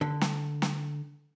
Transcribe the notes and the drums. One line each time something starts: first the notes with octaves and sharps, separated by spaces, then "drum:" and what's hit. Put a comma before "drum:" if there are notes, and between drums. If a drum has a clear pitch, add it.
D3
drum: snare
drum: snare